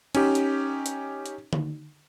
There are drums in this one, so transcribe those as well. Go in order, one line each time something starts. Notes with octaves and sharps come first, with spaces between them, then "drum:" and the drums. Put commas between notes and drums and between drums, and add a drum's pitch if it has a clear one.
C#4 D#4 G4, drum: cymbal
drum: hi-hat
drum: hi-hat
drum: hi-hat
drum: tom D3